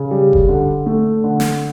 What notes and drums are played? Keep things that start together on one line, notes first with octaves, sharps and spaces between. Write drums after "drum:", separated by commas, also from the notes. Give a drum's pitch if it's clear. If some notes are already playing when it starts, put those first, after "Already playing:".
Already playing: C#3
G3
drum: kick F1
D3
A3
D3
drum: snare